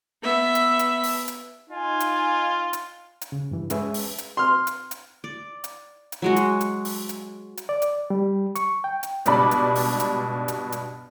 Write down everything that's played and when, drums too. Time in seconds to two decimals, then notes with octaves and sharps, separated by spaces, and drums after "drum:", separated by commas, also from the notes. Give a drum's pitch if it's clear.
0.23 B3 E5
0.55 drum: hi-hat
0.79 drum: hi-hat
1.03 drum: open hi-hat
1.28 drum: hi-hat
1.70 D#4 F4 G#5
2.00 drum: hi-hat
2.73 drum: hi-hat
3.21 drum: hi-hat
3.32 C#3
3.51 G2 E3
3.70 G#3 C#4 G#4 B4 C#5 E5, drum: hi-hat
3.94 drum: open hi-hat
4.18 drum: hi-hat
4.37 C6 F6
4.67 drum: hi-hat
4.91 drum: hi-hat
5.24 D5
5.64 drum: hi-hat
6.12 drum: hi-hat
6.22 F#3 G#3 F#4
6.36 drum: hi-hat
6.61 drum: hi-hat
6.85 drum: open hi-hat
7.09 drum: hi-hat
7.57 drum: hi-hat
7.69 D5
7.82 drum: hi-hat
8.10 G3
8.55 C#6, drum: hi-hat
8.84 G5
9.03 drum: hi-hat
9.26 C#2 G2 B2 D5 B5 D6, drum: hi-hat
9.51 drum: hi-hat
9.75 drum: open hi-hat
10.00 drum: hi-hat
10.48 drum: hi-hat
10.72 drum: hi-hat